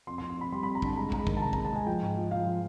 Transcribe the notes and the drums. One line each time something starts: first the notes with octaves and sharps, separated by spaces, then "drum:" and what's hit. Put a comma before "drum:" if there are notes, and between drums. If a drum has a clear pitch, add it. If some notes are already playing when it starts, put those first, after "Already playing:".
F2 C6
C6
F2
C6
F2 B5
G3 C6
B5
F2
A#5
D3 A5, drum: kick
G#3 A#5
G#3 A#5, drum: kick
B5
D#3, drum: kick
A5
C3 A#5
A#5, drum: kick
G#3
A5
G#3 G#5
F3 G5
G#2
F3
F3 F5
F3